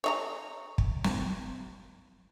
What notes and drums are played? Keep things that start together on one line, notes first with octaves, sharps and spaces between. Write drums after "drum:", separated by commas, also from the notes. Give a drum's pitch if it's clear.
C#5 D#5 A#5
drum: kick
drum: snare